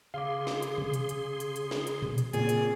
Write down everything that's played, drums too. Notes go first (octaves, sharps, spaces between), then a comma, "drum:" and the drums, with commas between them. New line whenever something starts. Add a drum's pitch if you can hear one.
C#3 G#4 F5 C6 D6
drum: snare
drum: hi-hat
drum: tom B2
drum: hi-hat
drum: hi-hat
drum: hi-hat
drum: hi-hat
drum: snare
drum: hi-hat
drum: tom A#2
drum: hi-hat
A#2 C#3 C4 C#4 G#4 D5, drum: hi-hat
drum: hi-hat